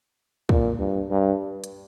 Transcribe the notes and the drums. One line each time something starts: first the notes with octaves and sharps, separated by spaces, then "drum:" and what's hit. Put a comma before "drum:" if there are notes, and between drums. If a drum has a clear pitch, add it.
A#2, drum: kick
G2
G2
drum: hi-hat